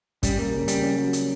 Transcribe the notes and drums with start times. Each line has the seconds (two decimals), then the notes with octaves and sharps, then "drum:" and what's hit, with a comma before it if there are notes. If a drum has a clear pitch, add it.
0.23 G3 C#4, drum: kick, hi-hat
0.38 A#3
0.53 C#3
0.68 G3 C#4, drum: hi-hat
0.83 C#4
0.98 F#3
1.13 drum: hi-hat